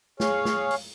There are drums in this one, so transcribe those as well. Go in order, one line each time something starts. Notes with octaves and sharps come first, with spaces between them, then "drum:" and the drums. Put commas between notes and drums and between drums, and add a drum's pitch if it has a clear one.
G#4 C#5 F5, drum: snare
drum: snare
drum: open hi-hat